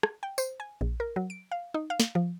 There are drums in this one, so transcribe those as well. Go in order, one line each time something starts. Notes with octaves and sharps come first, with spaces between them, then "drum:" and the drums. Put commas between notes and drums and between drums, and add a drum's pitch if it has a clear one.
drum: rim click
G5
C5, drum: tambourine
G#5
A#1
A#4
F#3
D7
F5
D#4
F5
drum: snare
F3